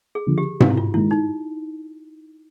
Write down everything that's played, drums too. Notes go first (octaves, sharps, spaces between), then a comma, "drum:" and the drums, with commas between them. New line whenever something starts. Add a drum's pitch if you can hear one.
G#4
D3 F3
G4
C3 F#4, drum: tom G#2
E4
F4
D#3 G#3 E4
D#4